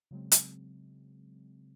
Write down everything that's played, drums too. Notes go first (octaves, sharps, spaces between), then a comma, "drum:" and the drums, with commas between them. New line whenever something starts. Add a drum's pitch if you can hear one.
C#3 F#3 G#3 C4
drum: hi-hat